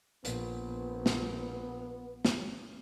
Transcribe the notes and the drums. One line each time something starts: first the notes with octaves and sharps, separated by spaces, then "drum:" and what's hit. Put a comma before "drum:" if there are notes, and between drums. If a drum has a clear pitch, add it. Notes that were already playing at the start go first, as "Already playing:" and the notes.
A#1 B3, drum: hi-hat
drum: snare
drum: snare